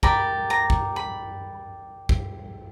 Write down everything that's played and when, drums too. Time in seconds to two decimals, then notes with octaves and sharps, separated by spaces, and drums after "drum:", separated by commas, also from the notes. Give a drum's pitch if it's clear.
0.03 G4 A#4 D5 B5, drum: kick
0.50 A#5
0.70 drum: kick
0.96 B5
2.09 drum: kick